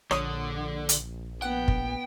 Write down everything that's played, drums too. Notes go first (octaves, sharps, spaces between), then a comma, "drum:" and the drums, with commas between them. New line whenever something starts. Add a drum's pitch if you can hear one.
A#1 D3 C#5 D#6, drum: rim click
drum: hi-hat
B3 F#5 G5
drum: kick